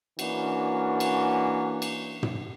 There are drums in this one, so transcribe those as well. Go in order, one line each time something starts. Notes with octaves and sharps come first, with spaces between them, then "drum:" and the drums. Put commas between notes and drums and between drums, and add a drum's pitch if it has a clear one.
E3 A#3 C#4 D4 F#4, drum: cymbal
drum: cymbal
drum: cymbal
drum: tom